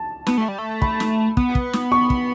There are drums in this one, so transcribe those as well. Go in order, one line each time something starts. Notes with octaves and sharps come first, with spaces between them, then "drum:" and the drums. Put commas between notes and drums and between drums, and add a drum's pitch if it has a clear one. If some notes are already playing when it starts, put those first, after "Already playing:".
Already playing: A5
B3, drum: snare
A3
G3
A3
B5, drum: kick
drum: snare
B3, drum: kick
drum: kick
drum: snare
C#6
drum: kick